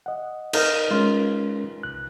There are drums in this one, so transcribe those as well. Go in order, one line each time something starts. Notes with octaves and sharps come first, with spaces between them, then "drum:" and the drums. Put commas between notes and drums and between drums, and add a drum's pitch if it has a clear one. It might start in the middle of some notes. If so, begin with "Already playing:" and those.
D#5 F#5
D#4 A#4 F5, drum: cymbal
G#3 C#4 F4 A#4
C2 F#6